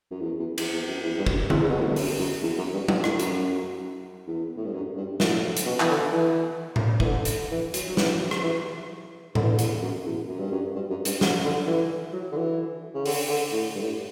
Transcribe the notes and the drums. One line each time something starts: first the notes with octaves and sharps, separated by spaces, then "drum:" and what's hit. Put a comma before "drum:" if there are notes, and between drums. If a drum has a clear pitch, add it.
F#2
E2
E2
E2, drum: cymbal
E2
F#2
E2
G2
F#2, drum: kick
E2, drum: tom D3
C#3
B2
A2
G2
F#2, drum: open hi-hat
F#2
E2
F#2
G2
B2, drum: tom F#3
A2, drum: rim click
F#2, drum: hi-hat
E2
A2
G2
F#2
G2
A2, drum: snare
drum: hi-hat
B2
E3, drum: clap
D3
E3
drum: tom A2
E3, drum: kick
D3
drum: hi-hat
E3
F#3, drum: hi-hat
F#3
E3, drum: snare
drum: rim click
E3
D3, drum: tom A2
E3
D3
E2, drum: hi-hat
F#2
E2
F#2
G2
F#2
G2
F#2
G2, drum: hi-hat
F#2, drum: snare
D3
E3
F#3
D3
E3
C#3
D3, drum: open hi-hat
D3
A2
G2
A2